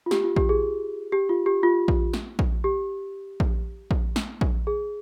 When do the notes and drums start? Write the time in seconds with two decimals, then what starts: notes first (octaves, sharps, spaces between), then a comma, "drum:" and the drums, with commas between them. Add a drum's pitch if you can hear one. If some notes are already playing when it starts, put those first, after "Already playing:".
0.06 F4
0.11 G4, drum: snare
0.24 F4
0.36 G4, drum: kick A#1
0.49 G#4
1.12 G4
1.29 F4
1.46 G4
1.63 F4
1.88 drum: kick A#1
2.14 drum: snare
2.39 drum: kick A#1
2.64 G4
3.40 drum: kick A#1
3.91 drum: kick A#1
4.16 drum: snare
4.41 drum: kick A#1
4.67 G#4